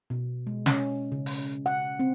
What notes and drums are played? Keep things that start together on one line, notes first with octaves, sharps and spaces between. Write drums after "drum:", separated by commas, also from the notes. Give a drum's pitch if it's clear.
B2
G#3
C#4, drum: snare
C#3
drum: open hi-hat
F#5
C4